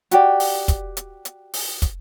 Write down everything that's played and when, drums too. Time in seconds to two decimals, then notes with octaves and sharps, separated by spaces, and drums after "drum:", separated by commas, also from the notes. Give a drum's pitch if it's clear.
0.11 F#4 G4 D5, drum: hi-hat
0.40 drum: open hi-hat
0.68 drum: kick, hi-hat
0.97 drum: hi-hat
1.25 drum: hi-hat
1.53 drum: open hi-hat
1.82 drum: kick, hi-hat